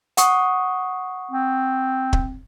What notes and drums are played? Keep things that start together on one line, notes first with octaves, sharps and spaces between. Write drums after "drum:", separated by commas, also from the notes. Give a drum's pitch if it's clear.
F#5 C#6 D#6, drum: hi-hat
C4
drum: kick